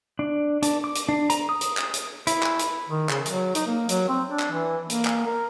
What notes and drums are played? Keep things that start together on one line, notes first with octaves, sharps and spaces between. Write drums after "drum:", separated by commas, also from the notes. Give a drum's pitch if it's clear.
D4
D4, drum: hi-hat
D6
drum: hi-hat
D4
A#5, drum: hi-hat
D#6
drum: hi-hat
drum: clap
drum: hi-hat
E4, drum: hi-hat
drum: clap
drum: hi-hat
D#3
C#3, drum: clap
F#3, drum: hi-hat
D#4, drum: hi-hat
A#3
F#3, drum: hi-hat
C4
D4
drum: clap
E3
A#3, drum: hi-hat
drum: clap
A#4